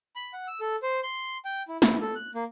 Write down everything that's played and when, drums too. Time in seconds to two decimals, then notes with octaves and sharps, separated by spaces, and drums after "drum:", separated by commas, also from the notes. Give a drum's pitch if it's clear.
0.16 B5
0.33 F#5
0.48 E6
0.60 A4
0.83 C5
1.03 C6
1.45 G5
1.68 E4
1.82 E4, drum: snare
2.01 A4
2.15 F#6
2.35 A#3